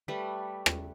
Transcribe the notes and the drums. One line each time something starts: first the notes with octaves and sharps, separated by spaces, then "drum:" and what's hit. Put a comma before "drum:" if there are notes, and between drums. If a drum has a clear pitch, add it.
G3 A3 B4
drum: rim click